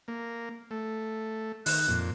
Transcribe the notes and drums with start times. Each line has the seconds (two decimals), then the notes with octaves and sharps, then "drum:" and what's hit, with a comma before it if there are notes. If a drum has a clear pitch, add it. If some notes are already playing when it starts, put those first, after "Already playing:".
0.08 A#3
0.71 A3
1.66 D#3 F#6, drum: open hi-hat
1.88 F2 A#2